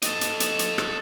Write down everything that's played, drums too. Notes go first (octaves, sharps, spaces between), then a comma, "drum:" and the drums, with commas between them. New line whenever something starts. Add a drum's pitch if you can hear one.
A4 D#5, drum: hi-hat
drum: hi-hat
drum: hi-hat
drum: hi-hat
drum: rim click